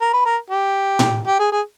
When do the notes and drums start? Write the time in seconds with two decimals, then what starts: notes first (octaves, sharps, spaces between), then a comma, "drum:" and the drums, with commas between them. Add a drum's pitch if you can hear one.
0.01 A#4
0.13 B4
0.25 A#4
0.50 G4
0.99 drum: tom A2
1.26 G4
1.39 G#4
1.52 G#4